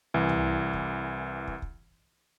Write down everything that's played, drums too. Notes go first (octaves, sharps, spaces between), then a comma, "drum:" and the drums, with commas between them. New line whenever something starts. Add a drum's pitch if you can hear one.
C2 E3
drum: tom
drum: kick
drum: kick
drum: kick